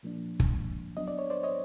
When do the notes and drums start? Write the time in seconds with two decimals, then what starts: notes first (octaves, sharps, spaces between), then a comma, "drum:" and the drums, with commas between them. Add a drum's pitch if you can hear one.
0.03 A#2 F3 A#3 D4
0.40 drum: kick
0.97 F#3 B3 D4 D#5
1.08 D5
1.19 C#5
1.30 C5 D5
1.43 C#5 D#5